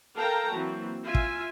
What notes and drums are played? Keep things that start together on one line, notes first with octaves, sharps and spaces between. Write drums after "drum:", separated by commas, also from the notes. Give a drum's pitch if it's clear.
A4 A#4 F5 G5 A5 A#5
E3 F#3 A#3 C4
F4 E5 G#5
drum: kick